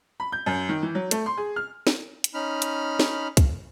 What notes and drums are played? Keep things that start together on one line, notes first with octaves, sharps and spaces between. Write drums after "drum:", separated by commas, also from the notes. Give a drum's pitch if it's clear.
B5
G6
F#2
D#3
E3
F#3
A3, drum: hi-hat
C6
G#4
F6
drum: snare
drum: hi-hat
C#4 D#4 B5 F6
drum: hi-hat
drum: snare
drum: kick, hi-hat